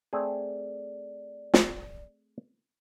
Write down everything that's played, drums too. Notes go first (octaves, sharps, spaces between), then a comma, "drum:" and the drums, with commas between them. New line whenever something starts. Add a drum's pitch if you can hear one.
A3 C4 G#4 D5
drum: snare